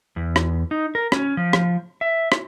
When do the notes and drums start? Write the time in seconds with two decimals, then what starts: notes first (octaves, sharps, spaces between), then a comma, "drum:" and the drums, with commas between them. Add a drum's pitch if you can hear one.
0.16 E2
0.36 drum: rim click
0.71 D#4
0.95 A#4
1.12 C#4, drum: rim click
1.37 F3
1.53 drum: rim click
2.01 E5
2.32 drum: rim click